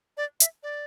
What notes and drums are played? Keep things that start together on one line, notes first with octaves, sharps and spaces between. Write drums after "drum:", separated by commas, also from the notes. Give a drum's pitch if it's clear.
D5
E5, drum: hi-hat
D5